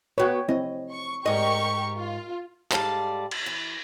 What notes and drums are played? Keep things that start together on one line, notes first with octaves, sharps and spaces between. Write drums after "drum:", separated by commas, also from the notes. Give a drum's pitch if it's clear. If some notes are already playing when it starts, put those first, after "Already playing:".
B3 F#4 C#5 G5
C4 E4 D#5
C#6
G#2 G4 A#4 D#5 C#6
F4
G#2 G3 A4 D5 F5 A5, drum: clap
drum: cymbal
E3